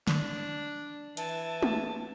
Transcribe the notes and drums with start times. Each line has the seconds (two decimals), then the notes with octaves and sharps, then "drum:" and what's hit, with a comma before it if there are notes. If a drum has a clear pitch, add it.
0.07 D4, drum: snare
1.17 E3 A5, drum: hi-hat
1.62 drum: tom